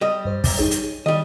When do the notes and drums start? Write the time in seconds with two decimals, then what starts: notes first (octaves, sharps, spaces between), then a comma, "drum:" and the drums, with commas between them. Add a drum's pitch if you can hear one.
0.01 G3 D#5
0.25 G2 C5
0.44 A#5 D6, drum: kick, open hi-hat
0.58 D#4 G#4 C#5
0.71 drum: hi-hat
1.06 D#3 G3 D#5